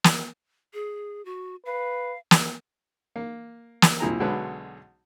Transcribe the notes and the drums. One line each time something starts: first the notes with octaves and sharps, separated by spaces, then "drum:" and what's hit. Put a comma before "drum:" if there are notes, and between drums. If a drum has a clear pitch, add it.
drum: snare
G#4
F#4
B4 F5
drum: snare
A#3
drum: snare
C2 F2 A#2 E4 G#4 A#5
B1 D3 F#3 G#3 C#4 B4